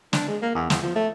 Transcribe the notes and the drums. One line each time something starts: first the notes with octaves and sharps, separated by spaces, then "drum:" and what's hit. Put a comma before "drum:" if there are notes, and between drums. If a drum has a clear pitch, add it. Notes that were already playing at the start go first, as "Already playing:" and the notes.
D4, drum: snare
G#3
A#3
E2
E2, drum: snare
F3
A3